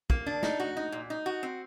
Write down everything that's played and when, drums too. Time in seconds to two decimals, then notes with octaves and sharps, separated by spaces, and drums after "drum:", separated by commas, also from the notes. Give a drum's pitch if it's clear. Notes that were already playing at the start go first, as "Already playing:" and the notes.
0.10 A#3, drum: kick
0.26 D4
0.43 D#4, drum: snare
0.60 F#4
0.77 D#4
0.92 A#2
1.10 D#4
1.26 F#4
1.43 C4